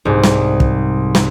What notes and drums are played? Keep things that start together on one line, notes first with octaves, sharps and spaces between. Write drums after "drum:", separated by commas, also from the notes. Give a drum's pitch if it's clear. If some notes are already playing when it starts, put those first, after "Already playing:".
C2 G#2
drum: snare
drum: kick
drum: snare